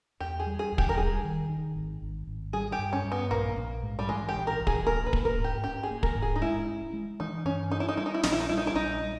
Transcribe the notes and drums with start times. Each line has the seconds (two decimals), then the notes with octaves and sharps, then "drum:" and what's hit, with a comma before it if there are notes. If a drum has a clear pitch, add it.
0.20 E2 G4
0.40 G#4
0.46 G3
0.59 G#4
0.72 E2
0.78 G4, drum: kick
0.89 A#4
0.97 G3 G#4
1.24 D#3
1.49 D#3
1.75 G#1
2.02 G#1
2.27 G#1
2.53 G3 G#4
2.72 G4
2.78 G2
2.93 C#4
3.05 G2
3.12 B3
3.31 A#1 A#3
3.56 A#1
3.83 G#2
3.99 G3
4.09 E3 G#3
4.29 G4
4.35 A#1
4.47 A#4
4.61 A#1
4.67 G#4, drum: kick
4.86 A#3 A#4
5.06 B4
5.13 A#3, drum: kick
5.25 A#4
5.39 G#2
5.44 G4
5.64 C#4 G4
5.83 G#4
5.91 A#3
6.03 A#4, drum: kick
6.17 G#2
6.22 G#4
6.36 D#4
6.41 G#3 E4
6.68 C#4
6.93 G#3
7.20 E3 D#4
7.45 G2 C#4
7.71 C#4 D#4
7.80 E4
7.89 D#4
7.97 G3 E4
8.06 D#4
8.14 E4
8.23 A#1 D#4, drum: snare
8.32 E4
8.40 D#4
8.49 G3 E4
8.57 D#4
8.67 E4
8.75 A#1 D#4
9.02 G3